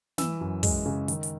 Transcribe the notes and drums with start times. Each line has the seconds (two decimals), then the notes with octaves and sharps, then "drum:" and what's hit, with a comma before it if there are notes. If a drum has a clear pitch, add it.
0.18 E3 E6, drum: snare
0.41 F#2
0.63 G#3, drum: kick, open hi-hat
0.86 C#3
1.08 D#3, drum: hi-hat
1.23 drum: hi-hat